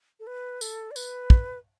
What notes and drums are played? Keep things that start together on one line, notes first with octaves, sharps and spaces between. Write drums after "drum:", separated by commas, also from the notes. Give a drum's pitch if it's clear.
A4
B4
A4, drum: tambourine
D5
B4, drum: tambourine
drum: kick